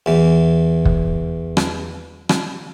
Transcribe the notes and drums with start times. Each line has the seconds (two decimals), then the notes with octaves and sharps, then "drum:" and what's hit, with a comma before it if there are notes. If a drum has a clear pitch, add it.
0.06 E2 E3
0.85 drum: kick
1.57 drum: rim click
2.29 drum: rim click